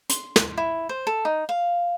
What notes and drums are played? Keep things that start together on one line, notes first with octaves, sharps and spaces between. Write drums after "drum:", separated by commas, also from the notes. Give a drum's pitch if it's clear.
C6, drum: hi-hat
drum: snare
E4
C5
A4
D#4
F5